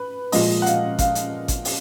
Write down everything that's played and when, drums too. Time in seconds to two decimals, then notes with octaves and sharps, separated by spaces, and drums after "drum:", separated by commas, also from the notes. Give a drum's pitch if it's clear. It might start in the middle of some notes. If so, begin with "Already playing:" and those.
Already playing: B4
0.32 A#2 F3 G#3 D#5, drum: open hi-hat
0.62 F#5
0.66 F5, drum: hi-hat
0.99 F5, drum: kick G#1, hi-hat
1.15 drum: hi-hat
1.48 drum: kick G#1, hi-hat
1.65 drum: open hi-hat